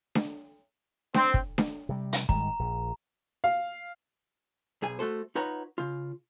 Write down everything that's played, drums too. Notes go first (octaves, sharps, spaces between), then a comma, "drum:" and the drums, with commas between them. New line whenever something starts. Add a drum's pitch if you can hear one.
drum: snare D4
C4, drum: snare D4
drum: kick
drum: snare D4
C3 G3
drum: hi-hat
G#2 D#3 G3 A#5, drum: kick
A#1
F5
B1 G#4 G#5
A3 F#4 A4 C5
D#4 F4 B4 C#5 F#5 A#5
C#3 F4